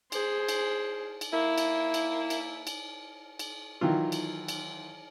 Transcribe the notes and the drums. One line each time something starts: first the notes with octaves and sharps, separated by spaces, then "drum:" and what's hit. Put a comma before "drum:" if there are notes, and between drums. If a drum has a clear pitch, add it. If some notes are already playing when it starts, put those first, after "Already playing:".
G#4 C5, drum: cymbal
drum: cymbal
drum: cymbal
A#3 E4
drum: cymbal
drum: cymbal
drum: cymbal
drum: cymbal
drum: cymbal
D#3 E3 F#3 F4
drum: cymbal
drum: cymbal